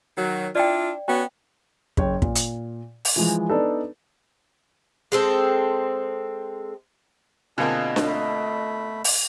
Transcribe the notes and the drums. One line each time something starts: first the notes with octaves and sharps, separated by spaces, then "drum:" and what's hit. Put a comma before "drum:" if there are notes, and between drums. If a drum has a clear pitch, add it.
D#3 F#3
D4 E4 F4 D5 G5
B3 C#4 F#4 G5
F#1 C#5 G5, drum: kick
A#2, drum: kick
drum: hi-hat
drum: open hi-hat
E3 F3 G#3
B3 D4 D#4 A4 B4
G#3 C4 A4
B2 D3 A#3 C4 F4 G#4 D#5 G#5
drum: snare D4
A3 B5
drum: open hi-hat